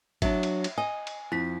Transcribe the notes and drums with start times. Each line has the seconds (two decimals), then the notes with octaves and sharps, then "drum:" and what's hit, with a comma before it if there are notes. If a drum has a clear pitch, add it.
0.22 F#3 D4 E5, drum: kick G1, cymbal
0.43 drum: cymbal
0.64 drum: cymbal
0.78 D#5 G#5
1.07 drum: cymbal
1.32 F2 E4 B6